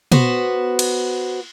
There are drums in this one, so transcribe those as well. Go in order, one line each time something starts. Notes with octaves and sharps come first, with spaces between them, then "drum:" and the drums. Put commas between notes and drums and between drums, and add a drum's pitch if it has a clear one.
B3 F#4 C5, drum: tom
drum: cymbal